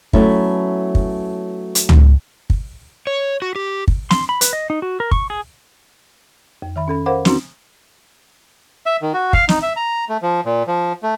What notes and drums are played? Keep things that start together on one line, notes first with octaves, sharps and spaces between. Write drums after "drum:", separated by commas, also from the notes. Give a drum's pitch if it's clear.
F#3 A3 B3 C#4 E4, drum: kick
drum: kick
drum: hi-hat
drum: tom C#2
drum: kick
C#5
F#4
G4
drum: kick
C6, drum: snare
B5
B4, drum: hi-hat
D#5
D#4
F#4
A#4
C#6, drum: kick
G#4
F2
D#3 E5 B5
C#4 A4 B5
A#4 C5 F5 F#5 B5 D6
C4 C#4 D#4 F#4 C6, drum: snare
E5
D#3
F#4
F5, drum: kick
D#4, drum: snare
E5
A#5
A3
F3
A#2
F3
A3